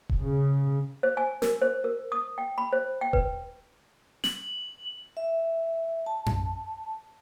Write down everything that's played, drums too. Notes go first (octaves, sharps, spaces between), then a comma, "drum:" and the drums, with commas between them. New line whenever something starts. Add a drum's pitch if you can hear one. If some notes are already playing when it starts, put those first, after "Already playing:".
drum: kick D#1
C#3
C5
G#5
A#4, drum: snare
C5
A#4
D#6
G5
B5
C5
G5
B4, drum: kick D#1
F#7, drum: snare
E5
A5
drum: tom F#2